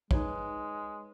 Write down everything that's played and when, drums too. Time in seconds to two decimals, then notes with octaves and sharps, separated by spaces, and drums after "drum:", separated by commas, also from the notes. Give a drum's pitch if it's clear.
0.11 G#3 D#4 B4 C#5, drum: kick